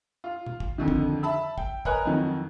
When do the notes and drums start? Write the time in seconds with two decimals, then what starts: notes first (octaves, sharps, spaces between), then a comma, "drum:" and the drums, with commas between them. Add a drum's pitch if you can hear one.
0.24 F4
0.46 drum: tom A#2
0.60 drum: kick
0.78 F2 D3 D#3
0.88 drum: kick
1.23 E5 A5 B5 E6
1.58 G5, drum: kick
1.85 A#4 B4 C#5 D#5 G#5 F#6, drum: kick
2.05 F2 D#3 F#3